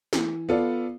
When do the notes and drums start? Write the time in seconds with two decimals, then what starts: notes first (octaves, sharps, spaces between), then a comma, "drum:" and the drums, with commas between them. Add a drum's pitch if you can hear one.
0.13 E3, drum: snare
0.49 B3 F4 A4 D5